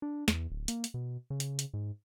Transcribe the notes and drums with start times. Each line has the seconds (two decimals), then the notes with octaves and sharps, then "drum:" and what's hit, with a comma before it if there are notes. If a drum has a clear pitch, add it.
0.02 D4
0.28 E2, drum: snare
0.50 D1
0.68 A#3, drum: hi-hat
0.84 drum: hi-hat
0.94 B2
1.30 C#3
1.40 drum: hi-hat
1.59 drum: hi-hat
1.73 G#2